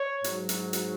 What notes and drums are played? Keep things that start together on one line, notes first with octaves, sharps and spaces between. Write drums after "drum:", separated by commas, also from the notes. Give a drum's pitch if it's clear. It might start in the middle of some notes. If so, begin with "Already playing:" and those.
Already playing: C#5
G#2 F#3, drum: hi-hat
drum: hi-hat
drum: hi-hat